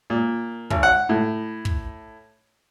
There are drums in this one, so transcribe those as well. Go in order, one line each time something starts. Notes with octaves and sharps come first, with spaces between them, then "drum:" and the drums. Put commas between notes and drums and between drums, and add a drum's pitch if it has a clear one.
A#2
G#1, drum: kick
F#5
A2
drum: kick